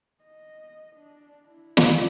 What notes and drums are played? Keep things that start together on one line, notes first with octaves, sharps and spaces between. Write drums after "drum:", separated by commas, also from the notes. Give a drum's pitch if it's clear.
D#5
D4
E4
drum: snare